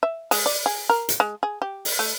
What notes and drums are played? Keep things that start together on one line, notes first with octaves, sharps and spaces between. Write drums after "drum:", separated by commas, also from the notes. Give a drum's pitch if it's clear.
E5
G#3, drum: open hi-hat
D5
G#4
A#4
drum: hi-hat
G#3
G#4
G4
drum: open hi-hat
A3